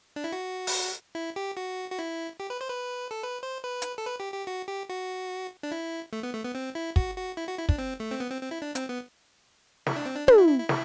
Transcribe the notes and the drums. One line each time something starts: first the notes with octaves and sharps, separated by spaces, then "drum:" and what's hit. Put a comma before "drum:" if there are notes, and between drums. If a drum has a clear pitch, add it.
D4
E4
F#4
drum: open hi-hat
E4
G4
F#4
F#4
E4
G4
B4
C5
B4
A4
B4
C5
B4
drum: hi-hat
A4
B4
G4
G4
F#4
G4
F#4
D4
E4
A3
B3
A3
B3
C4
E4
F#4, drum: kick
F#4
E4
F#4
E4
D4, drum: kick
C4
A3
C4
B3
C4
C4
E4
D4
C4, drum: hi-hat
B3
E4, drum: snare
D4
C4
D4
D4, drum: tom
E4
E4
E4
E4, drum: snare